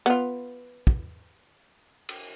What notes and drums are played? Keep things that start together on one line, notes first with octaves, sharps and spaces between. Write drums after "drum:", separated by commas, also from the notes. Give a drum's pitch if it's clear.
B3 F4
drum: kick
drum: cymbal